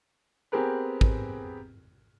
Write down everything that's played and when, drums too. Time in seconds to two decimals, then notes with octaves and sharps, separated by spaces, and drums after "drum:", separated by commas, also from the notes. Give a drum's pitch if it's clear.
0.52 B3 C4 G4 G#4 A#4 B4
1.01 drum: kick